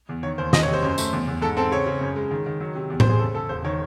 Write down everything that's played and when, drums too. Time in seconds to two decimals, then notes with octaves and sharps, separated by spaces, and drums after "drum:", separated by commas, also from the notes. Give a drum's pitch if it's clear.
0.09 E2
0.23 D#3 C#5
0.38 D#2 C5
0.53 E1 D#5, drum: snare
0.63 C#5
0.68 C3
0.73 C5
0.83 F#2
0.98 A3, drum: tambourine
1.13 E2
1.27 E2
1.42 G#2 A4
1.57 C4 A4
1.71 C#3 C#5
1.86 C#3
2.01 F#2
2.16 G#3
2.31 D#3
2.46 D#3
2.61 F#3
2.75 C3
2.90 E2
3.00 C5, drum: tom A2
3.05 F#1 G#4
3.19 C#3 A4
3.35 C#3 A4
3.49 E1 C5
3.64 D#3 C#5